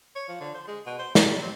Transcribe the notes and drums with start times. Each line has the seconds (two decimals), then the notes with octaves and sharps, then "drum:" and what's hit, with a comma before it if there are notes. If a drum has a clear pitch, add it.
0.15 C#5
0.28 F3
0.40 D3
0.54 C5
0.68 G#3
0.86 B2
0.99 C5
1.15 D#4, drum: snare
1.29 G3
1.42 C4